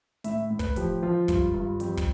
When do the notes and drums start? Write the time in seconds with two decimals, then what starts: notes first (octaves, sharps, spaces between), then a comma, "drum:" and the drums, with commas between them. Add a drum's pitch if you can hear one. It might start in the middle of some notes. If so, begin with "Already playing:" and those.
0.24 A2 E5, drum: hi-hat
0.51 A2
0.59 B4, drum: kick, hi-hat
0.76 F3 G4, drum: hi-hat
1.02 F3 F4
1.28 G2 F4, drum: kick, hi-hat
1.54 G2 F4
1.80 F2 G4, drum: hi-hat
1.97 drum: kick, hi-hat